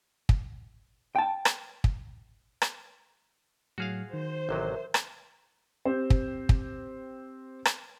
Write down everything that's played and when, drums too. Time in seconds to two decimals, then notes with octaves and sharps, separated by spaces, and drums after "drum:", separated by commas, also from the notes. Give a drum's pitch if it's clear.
0.29 drum: kick
1.16 G5 A5
1.45 drum: rim click
1.84 drum: kick
2.62 drum: rim click
3.78 A2 F#3 F#4 G#4 F5 F6
4.13 D#3 C5
4.49 A1 C3 F#3 A#4 E5
4.94 drum: rim click
5.85 C4 G4 C5
6.10 drum: kick
6.49 drum: kick
7.65 drum: rim click